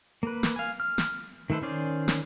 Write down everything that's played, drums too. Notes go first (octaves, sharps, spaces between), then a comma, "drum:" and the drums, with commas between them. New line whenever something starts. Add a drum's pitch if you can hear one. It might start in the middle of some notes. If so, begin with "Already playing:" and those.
A#3 B4
drum: snare
F5 G#5
F6
drum: snare
D#3 A3 A4 B4 C5
D#3 C#4 G#4 C5 D5
drum: snare